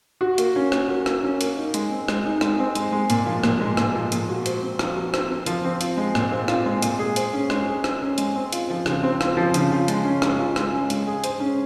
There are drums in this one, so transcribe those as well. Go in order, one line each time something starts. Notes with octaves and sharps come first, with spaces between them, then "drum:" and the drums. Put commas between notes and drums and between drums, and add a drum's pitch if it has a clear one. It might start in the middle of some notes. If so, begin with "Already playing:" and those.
F#4
A#3, drum: hi-hat
C#4
A#3, drum: rim click
F#4
A#3, drum: rim click
C#4
A#3, drum: hi-hat
D#4
G#3, drum: hi-hat
C4
G#3, drum: rim click
D#4
G#3, drum: rim click
C4
G#3, drum: hi-hat
G#3
A#2, drum: hi-hat
F3
A#2, drum: rim click
G#3
A#2, drum: rim click
F3
A#2, drum: hi-hat
F#4
C5, drum: hi-hat
C4
F3, drum: rim click
F#4
C5, drum: rim click
C4
F3, drum: hi-hat
C4
F4, drum: hi-hat
G#3
A#2, drum: rim click
C4
F4, drum: rim click
G#3
A#2, drum: hi-hat
G#4
C5, drum: hi-hat
C#4
G#3, drum: rim click
G#4
C5, drum: rim click
C#4
G#3, drum: hi-hat
C4
F4, drum: hi-hat
F3
C#3, drum: rim click
C4
F4, drum: rim click
F3
C#3, drum: hi-hat
F4
G#3, drum: hi-hat
C#4
G#3, drum: rim click
F4
G#3, drum: rim click
C#4
G#3, drum: hi-hat
G#4
C5, drum: hi-hat
C#4